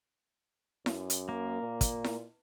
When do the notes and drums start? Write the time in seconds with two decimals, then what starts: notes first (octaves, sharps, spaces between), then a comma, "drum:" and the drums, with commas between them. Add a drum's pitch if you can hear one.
0.86 F#2, drum: snare E4
1.10 drum: hi-hat
1.29 A#3
1.61 A#2
1.81 drum: kick, hi-hat
2.04 drum: snare E4